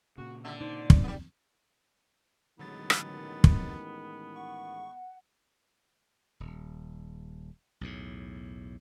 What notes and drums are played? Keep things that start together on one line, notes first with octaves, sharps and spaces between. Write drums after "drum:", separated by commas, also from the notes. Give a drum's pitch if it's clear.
A#2 C#3 F#4
D3 F#3 G3 E5
D#4 C5 D5
C#3, drum: kick
G3 B3
A1 D3 D#3 F#3 G#3 B3 A6
drum: rim click
drum: kick
F#5 C#6
D#1
B1 E2 A2